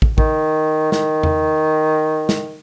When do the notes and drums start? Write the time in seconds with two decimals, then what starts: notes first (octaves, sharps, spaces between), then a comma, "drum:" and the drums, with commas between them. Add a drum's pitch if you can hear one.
0.02 drum: kick
0.18 D#3, drum: kick
0.92 D#3, drum: snare
1.23 drum: tom E2
2.29 drum: snare